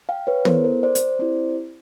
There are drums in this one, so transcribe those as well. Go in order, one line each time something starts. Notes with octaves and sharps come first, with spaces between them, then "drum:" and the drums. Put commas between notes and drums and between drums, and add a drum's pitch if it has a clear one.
F5 G5
B4 C#5
B3 E4 A4 A#4 C5, drum: tom
A#4 C5
C5 D5
drum: hi-hat
C4 E4 G4 C5 D5